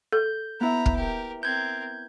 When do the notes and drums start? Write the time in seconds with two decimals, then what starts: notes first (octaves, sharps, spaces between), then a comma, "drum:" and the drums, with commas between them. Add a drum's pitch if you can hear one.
0.12 A4 G6
0.61 B3 E4 E5 A#5 B5
0.86 drum: kick
0.96 G4 A#4
1.43 C4 A#4 G6 G#6